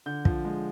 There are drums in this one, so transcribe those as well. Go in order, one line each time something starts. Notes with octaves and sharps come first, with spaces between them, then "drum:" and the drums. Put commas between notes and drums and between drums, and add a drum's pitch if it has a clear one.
D3 G6
F3, drum: kick
G#3